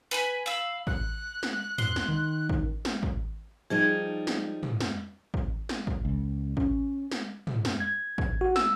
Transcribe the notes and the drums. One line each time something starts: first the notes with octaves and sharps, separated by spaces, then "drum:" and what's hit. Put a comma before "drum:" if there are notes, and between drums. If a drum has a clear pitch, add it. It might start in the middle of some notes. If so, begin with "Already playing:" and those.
B4 G#5 B5
F5 B5 E6
F#6, drum: kick
drum: snare
C6, drum: tom
drum: snare
D#3
drum: kick
drum: snare
drum: kick
F3 G3 D#4 G#4 G#6
drum: snare
drum: tom
drum: snare
drum: kick
drum: snare
drum: kick
C#2
C#4, drum: kick
drum: snare
drum: tom
drum: snare
G#6
drum: kick
F#4
E6, drum: snare